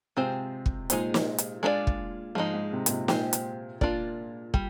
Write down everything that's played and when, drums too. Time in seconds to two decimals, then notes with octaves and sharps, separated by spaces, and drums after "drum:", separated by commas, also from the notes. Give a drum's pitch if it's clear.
0.17 C3 G#3 C4 F4 C5
0.66 drum: kick
0.90 A#2 G#3 D#4 G#4 C5, drum: hi-hat
1.14 drum: snare
1.38 drum: hi-hat
1.63 G#3 D4 F4 A#4 D5
1.87 drum: kick
2.35 G#2 F3 G#3 D#4
2.54 G#2
2.73 C3
2.86 A#2, drum: hi-hat
2.90 C3
3.08 A#2 G#3 C4 G4 C5, drum: snare
3.33 drum: hi-hat
3.81 A#2 D4 F4 A#4 D5, drum: kick
4.54 G3, drum: kick